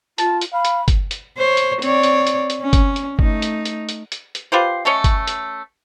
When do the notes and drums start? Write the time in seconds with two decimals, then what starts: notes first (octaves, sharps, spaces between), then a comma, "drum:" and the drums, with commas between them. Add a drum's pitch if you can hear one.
0.18 F4 A5, drum: hi-hat
0.41 drum: hi-hat
0.53 F5 B5
0.65 drum: hi-hat
0.88 drum: kick G1, hi-hat
1.11 drum: hi-hat
1.38 C5 C#5
1.57 drum: hi-hat
1.82 C4 C#5 D5, drum: hi-hat
2.03 drum: hi-hat
2.27 drum: hi-hat
2.50 drum: hi-hat
2.61 C#4
2.73 drum: kick G1, hi-hat
2.96 drum: hi-hat
3.19 A3 D#4, drum: kick G1
3.42 drum: hi-hat
3.65 drum: hi-hat
3.89 drum: hi-hat
4.12 drum: hi-hat
4.35 drum: hi-hat
4.52 F4 G4 B4 C5
4.85 A3 C#4 C#5 D#5
5.04 drum: kick G1, hi-hat
5.27 drum: hi-hat